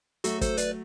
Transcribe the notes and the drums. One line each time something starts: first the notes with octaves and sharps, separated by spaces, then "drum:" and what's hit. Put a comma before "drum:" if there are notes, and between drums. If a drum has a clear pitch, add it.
F#3 A3 F#4 A4, drum: hi-hat
A4 C5, drum: kick, hi-hat
B4 D5, drum: hi-hat